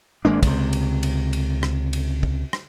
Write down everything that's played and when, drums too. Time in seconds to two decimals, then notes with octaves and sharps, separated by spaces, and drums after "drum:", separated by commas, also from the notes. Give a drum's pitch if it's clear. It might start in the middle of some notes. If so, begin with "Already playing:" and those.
0.25 G#1 G#3 A#3 D4
0.43 C#2 C3, drum: kick, cymbal
0.73 drum: cymbal
1.03 drum: cymbal
1.33 drum: cymbal
1.63 drum: rim click
1.93 drum: cymbal
2.23 drum: kick
2.53 drum: rim click